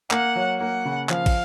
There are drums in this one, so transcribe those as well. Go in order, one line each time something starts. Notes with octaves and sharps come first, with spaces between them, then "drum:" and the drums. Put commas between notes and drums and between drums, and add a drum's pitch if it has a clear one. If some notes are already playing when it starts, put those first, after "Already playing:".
A#3 F#5, drum: clap
F#3
A#3 F#5
C#3
F3 F5, drum: clap
drum: kick, cymbal